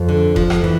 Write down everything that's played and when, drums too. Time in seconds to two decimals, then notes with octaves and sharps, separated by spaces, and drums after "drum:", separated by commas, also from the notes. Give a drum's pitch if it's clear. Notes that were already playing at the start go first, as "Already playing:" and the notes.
Already playing: F2
0.09 D3
0.36 F3, drum: kick E1
0.50 drum: rim click
0.64 E3